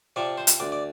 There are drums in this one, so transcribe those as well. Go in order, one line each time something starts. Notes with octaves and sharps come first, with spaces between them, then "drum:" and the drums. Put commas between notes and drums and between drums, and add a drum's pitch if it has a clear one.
C3 F3 D5
C5
drum: hi-hat
D2 D5
D5